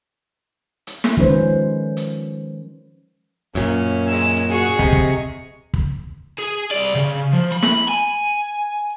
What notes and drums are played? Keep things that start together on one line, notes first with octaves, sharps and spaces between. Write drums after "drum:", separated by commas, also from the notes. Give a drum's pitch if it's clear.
drum: hi-hat
drum: snare
D#3 F3 G#3 C#4 B4 C5, drum: kick
drum: hi-hat
F#2 A#2 C#4, drum: hi-hat
G#3 E6
F#4 G#4 C#6
C3 D#5, drum: kick
drum: kick
drum: kick
G#4
C2 D5
C#3
F3
B5
drum: snare
G#5